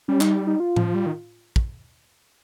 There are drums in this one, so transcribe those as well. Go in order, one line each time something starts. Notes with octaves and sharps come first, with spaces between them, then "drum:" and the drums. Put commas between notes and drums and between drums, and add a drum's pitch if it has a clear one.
G3 C#4
D#4, drum: clap
D#4
F4
F3, drum: tom A2
G3
D#3
drum: kick